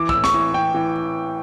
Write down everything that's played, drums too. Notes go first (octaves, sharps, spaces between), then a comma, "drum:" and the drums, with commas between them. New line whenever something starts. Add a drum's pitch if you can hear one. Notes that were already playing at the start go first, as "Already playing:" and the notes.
Already playing: E3 D6
E6, drum: kick
A2
C#6, drum: snare
E3
E3 G5
E3